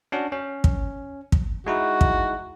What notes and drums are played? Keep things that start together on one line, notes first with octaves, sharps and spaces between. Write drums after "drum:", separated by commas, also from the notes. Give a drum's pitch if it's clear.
C#4 D4 F#4
C#4
drum: kick
drum: kick
G#3 D#4 E4 F#4
drum: kick